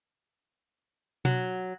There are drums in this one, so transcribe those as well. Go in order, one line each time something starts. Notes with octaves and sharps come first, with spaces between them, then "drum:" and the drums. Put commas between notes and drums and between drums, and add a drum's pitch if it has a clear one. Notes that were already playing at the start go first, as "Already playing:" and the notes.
F#3, drum: tom B2